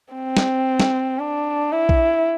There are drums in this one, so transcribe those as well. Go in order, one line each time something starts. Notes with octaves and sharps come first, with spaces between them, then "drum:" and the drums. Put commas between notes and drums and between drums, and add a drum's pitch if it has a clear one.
C4
drum: snare
drum: snare
D4
E4
drum: kick A#1